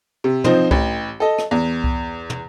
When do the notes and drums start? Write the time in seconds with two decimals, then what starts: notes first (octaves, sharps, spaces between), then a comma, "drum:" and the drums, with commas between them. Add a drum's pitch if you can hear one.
0.24 C3
0.44 F3 C4 D#4 C5, drum: tom
0.71 A1, drum: kick C2
1.20 A4 D#5
1.38 drum: rim click
1.51 E2
1.84 drum: kick C2
2.30 drum: tom